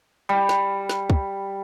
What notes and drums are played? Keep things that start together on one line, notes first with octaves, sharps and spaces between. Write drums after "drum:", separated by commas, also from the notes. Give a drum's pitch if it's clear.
G3
drum: snare
drum: snare
drum: kick